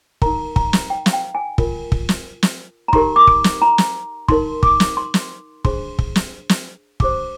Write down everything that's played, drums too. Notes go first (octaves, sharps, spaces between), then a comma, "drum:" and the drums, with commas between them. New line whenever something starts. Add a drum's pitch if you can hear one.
D#4 A#4 A#5, drum: kick
A#5, drum: kick
drum: snare
G5
F5, drum: snare
G5
G#5
F4 A#4, drum: kick
drum: kick
drum: snare
drum: snare
A#5
D#4 G4 A#4 C6, drum: kick
D6
drum: kick
drum: snare
A#5
drum: snare
D#4 A#4 C6, drum: kick
D6, drum: kick
drum: snare
C6
drum: snare
D4 G#4 C5 C6, drum: kick
drum: kick
drum: snare
drum: snare
D4 G4 C5 D6, drum: kick